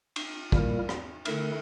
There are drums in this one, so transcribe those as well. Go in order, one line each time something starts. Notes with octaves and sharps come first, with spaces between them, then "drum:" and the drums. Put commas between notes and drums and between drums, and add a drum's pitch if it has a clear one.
drum: cymbal
A#2 G3 A#3 E4 A#4, drum: kick
drum: rim click
D3 A3 E4 A#4, drum: cymbal